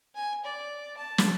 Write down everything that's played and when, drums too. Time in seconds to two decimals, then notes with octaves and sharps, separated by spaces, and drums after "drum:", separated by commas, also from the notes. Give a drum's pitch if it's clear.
0.15 G#5
0.44 D5
0.96 A5
1.18 drum: snare